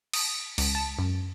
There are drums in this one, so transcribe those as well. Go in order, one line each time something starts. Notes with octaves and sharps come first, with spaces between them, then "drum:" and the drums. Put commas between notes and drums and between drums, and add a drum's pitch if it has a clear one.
D#6, drum: cymbal
C#2, drum: cymbal
A5
F#2